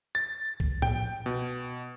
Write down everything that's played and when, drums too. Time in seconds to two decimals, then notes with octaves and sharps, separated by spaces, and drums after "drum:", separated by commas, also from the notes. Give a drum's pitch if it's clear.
0.15 A6
0.60 drum: kick C2
0.82 G5, drum: tom A2
1.26 B2